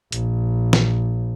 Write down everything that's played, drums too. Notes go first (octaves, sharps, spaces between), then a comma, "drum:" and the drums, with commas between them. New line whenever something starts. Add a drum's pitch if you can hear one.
A#1, drum: hi-hat
drum: snare